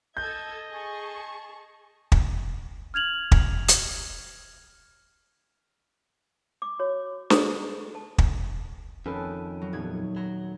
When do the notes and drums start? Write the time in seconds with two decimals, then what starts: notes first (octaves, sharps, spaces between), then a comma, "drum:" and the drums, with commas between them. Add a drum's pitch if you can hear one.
0.17 A4 D#5 G6 G#6
0.71 G#4 A5 C#6
2.12 drum: kick
2.94 F6 G#6 F7 F#7
3.32 drum: kick
3.69 drum: hi-hat
6.62 D6
6.79 F#4 C#5
7.30 G#4 A4 B4 C5 D#6, drum: snare
7.95 A5
8.18 drum: kick
9.06 F2 D#3 C#4 A4 B4
9.61 F#3
9.73 D#1 B3 G#6
10.16 F#3 A#5